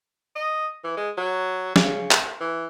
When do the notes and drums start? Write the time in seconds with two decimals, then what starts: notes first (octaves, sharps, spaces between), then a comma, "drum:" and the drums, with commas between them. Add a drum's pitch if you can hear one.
0.36 D#5
0.84 E3
0.97 G#3
1.18 F#3
1.76 C#3, drum: snare
2.11 drum: clap
2.41 E3